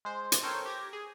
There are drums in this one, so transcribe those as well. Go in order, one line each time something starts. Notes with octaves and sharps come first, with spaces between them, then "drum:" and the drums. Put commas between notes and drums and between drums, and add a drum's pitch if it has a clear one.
G#3 C5
drum: hi-hat
A4 A#4 C5 C#5 G5
G4 G#6 A#6
G#4